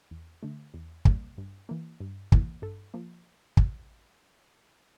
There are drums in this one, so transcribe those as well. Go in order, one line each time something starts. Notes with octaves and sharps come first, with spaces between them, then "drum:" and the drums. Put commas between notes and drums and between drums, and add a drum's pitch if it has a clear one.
E2
D3 A3
E2
C3 G3 A#3, drum: kick
G2
E3 A#3
G2
E3 A#3, drum: kick
G2 A4
F3 A#3
drum: kick